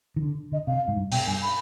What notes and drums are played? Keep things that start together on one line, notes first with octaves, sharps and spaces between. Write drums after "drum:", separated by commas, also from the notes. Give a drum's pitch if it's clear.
D#3
D3
D3 D#5
C3 F5
G#2
G2
B2 G5, drum: open hi-hat
G2 G#5
B5